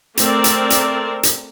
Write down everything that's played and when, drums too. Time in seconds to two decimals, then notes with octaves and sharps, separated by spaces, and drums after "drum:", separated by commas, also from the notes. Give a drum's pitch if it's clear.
0.17 A3 C4 A#4 D5, drum: hi-hat
0.44 drum: hi-hat
0.70 drum: hi-hat
1.23 drum: hi-hat